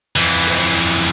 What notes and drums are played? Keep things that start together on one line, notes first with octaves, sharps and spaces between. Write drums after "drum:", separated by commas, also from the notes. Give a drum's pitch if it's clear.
F2 E3
drum: open hi-hat